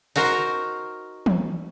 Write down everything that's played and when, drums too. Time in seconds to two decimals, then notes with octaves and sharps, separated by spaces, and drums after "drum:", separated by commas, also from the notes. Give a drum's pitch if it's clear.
0.16 D#4 F#4 A#4 C5, drum: open hi-hat
1.26 drum: tom E3